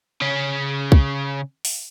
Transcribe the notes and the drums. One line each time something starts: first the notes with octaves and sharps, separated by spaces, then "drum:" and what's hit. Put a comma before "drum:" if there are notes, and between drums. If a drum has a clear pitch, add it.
C#3 C#4
drum: kick
drum: open hi-hat